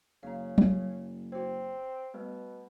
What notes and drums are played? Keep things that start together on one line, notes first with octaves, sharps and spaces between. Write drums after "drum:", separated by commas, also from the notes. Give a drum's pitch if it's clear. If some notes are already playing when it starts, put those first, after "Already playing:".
F#1 C#3 F5 A#5
drum: tom F#3
C4 F#4 C5
B2 G3 A3 B3